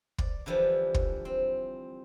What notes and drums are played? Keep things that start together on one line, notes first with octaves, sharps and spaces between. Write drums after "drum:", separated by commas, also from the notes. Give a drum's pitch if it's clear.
D5, drum: kick
D3 E3 F3 G3
drum: kick
C4